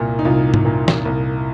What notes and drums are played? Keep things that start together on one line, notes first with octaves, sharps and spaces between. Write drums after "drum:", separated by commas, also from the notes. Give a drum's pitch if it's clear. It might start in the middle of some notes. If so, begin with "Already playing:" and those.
Already playing: C2 A#2
D#4
C2 F4
drum: tom G#2
A#2
drum: snare
C2